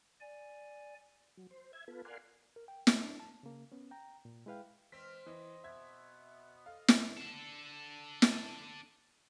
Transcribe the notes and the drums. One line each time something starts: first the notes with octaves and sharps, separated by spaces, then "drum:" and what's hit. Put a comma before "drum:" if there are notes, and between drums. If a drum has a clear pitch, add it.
D5 G#5
F#3
C5
E5 G#6
B3 F4 A4 B4
A#4 D5 F5 F#5 G#5 C6
A#4
G5
A3, drum: snare
D4
A5
C#3 A#3
B3 C#4
G5 A#5
A#2
G#3 E4 B4 F5 G5
E3 G#3 C4 F6 B6
E3 D#5
B2 B3 E5 G#6
A4 D#5 F5
drum: snare
D4 A4
drum: snare